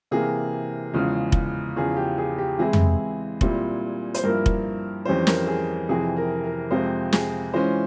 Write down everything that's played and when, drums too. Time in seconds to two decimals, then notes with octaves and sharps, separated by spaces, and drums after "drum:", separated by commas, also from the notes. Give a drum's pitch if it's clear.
0.11 C3 E3 A#3 G#4
0.94 E2 C#3 F3 G#3
1.32 drum: kick F1
1.76 E2 C#3 F3 G#4
1.96 G4
2.18 G#4
2.38 G4
2.58 E3 G#3 C4 E4 G#4
2.73 drum: tom
3.41 A#2 G3 C4 E4, drum: kick F1
4.14 C5, drum: hi-hat
4.23 G2 F3 A#3 E4 A#4
4.46 drum: kick F1
5.05 F2 E3 G3 C#4 C5
5.27 A#4, drum: snare
5.47 G#4
5.89 F2 C3 E3 G#4
6.17 A#4
6.44 A#4
6.71 F2 C3 F3 G#3 C4 C5
7.13 G#4, drum: snare
7.53 E3 G#3 C#4 F4 C5